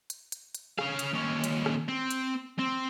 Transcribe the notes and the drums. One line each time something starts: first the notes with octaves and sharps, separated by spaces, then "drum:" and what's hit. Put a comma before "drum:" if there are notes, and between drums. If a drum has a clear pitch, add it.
drum: hi-hat
drum: hi-hat
drum: hi-hat
C#4 F5, drum: rim click
drum: hi-hat
D#2 C#4
drum: hi-hat
drum: rim click
C4
drum: hi-hat
C4